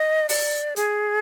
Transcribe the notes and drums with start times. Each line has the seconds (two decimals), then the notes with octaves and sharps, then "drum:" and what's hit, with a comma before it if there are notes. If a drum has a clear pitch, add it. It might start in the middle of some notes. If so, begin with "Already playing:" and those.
Already playing: D#5
0.29 D5, drum: open hi-hat
0.76 G#4, drum: hi-hat